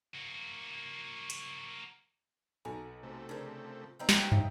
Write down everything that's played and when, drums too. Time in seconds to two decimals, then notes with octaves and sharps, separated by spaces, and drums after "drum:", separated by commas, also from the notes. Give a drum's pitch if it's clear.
0.14 A#3 F#4
1.30 drum: hi-hat
2.65 B1 A4 G#5 A#5
3.03 C3 A3
3.29 C#3 F3 D4 A#4
3.99 G3 B3 C4 D#4 A#5
4.09 drum: snare
4.32 D#4 G4 E5 F5, drum: tom